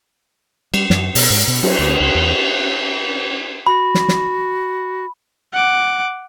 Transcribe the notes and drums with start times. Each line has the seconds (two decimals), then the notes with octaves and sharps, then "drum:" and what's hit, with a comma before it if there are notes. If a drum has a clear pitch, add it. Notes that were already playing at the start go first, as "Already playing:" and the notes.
0.74 G3, drum: cymbal
0.90 F#2, drum: snare
1.15 B2, drum: open hi-hat
1.30 G#2
1.48 B2
1.63 F#3, drum: cymbal
1.79 D2
2.00 C#2
2.15 E2
3.67 F#4 B5
3.95 drum: snare
4.08 drum: snare
5.53 F#5 D6